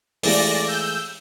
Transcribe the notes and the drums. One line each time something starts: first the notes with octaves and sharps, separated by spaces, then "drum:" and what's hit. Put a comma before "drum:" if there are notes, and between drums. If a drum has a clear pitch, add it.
E3 G#3 A3 D5 A#6, drum: open hi-hat
E6 G6